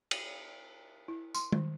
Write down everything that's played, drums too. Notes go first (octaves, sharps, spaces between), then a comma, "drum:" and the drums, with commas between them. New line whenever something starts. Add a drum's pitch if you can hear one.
drum: cymbal
E4
C6, drum: tambourine
D#3, drum: tom G#3